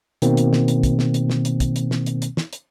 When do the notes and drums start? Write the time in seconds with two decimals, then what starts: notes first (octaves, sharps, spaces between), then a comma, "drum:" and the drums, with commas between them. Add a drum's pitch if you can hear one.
0.22 B2 D#3 A#3 C4, drum: hi-hat
0.37 drum: hi-hat
0.53 drum: snare
0.68 drum: hi-hat
0.83 drum: kick, hi-hat
0.99 drum: snare
1.14 drum: hi-hat
1.30 drum: snare
1.45 drum: hi-hat
1.60 drum: kick, hi-hat
1.76 drum: hi-hat
1.91 drum: snare
2.06 drum: hi-hat
2.22 drum: hi-hat
2.37 drum: snare
2.53 drum: hi-hat